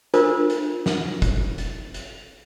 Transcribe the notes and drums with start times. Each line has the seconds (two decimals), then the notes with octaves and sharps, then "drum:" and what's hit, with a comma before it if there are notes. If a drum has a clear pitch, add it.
0.14 D4 F4 A4 A#4 C5, drum: hi-hat
0.50 drum: hi-hat
0.86 drum: snare
1.22 drum: kick, hi-hat
1.58 drum: hi-hat
1.94 drum: hi-hat